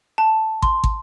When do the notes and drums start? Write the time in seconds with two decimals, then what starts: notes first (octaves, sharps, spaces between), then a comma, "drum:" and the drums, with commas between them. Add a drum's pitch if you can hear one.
0.18 A5
0.62 C6, drum: kick
0.84 drum: kick